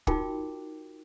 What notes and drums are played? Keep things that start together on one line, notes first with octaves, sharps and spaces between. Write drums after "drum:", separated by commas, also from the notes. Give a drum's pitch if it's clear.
D#4 F4 F#4 A#4 G5 D6, drum: kick